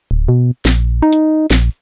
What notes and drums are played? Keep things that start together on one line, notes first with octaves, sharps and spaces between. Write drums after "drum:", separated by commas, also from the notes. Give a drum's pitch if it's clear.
D1
B2
A#1, drum: snare
D#4
drum: hi-hat
A#1, drum: snare